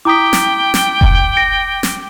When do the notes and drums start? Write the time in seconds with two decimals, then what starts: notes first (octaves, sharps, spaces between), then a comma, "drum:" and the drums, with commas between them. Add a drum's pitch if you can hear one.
0.05 E4 G5 A#5 D6 D#6 B6
0.33 drum: snare
0.74 drum: snare
1.01 drum: kick F1
1.37 A#6 D7
1.83 drum: snare